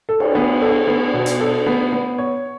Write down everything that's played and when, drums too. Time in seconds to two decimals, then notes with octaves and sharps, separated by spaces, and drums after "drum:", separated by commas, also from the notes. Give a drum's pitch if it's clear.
0.09 A4
0.20 drum: cymbal
0.35 B3
0.61 A4
0.87 B3
1.14 B2
1.26 drum: hi-hat
1.40 A4
1.66 B3
1.92 B3
2.18 C#5